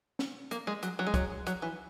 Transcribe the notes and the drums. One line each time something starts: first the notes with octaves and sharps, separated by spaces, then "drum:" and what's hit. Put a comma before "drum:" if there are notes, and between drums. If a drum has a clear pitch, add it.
drum: snare
A#3, drum: hi-hat
G#3
F#3, drum: hi-hat
F#3
G#3
F#3, drum: kick, hi-hat
F#3, drum: hi-hat
E3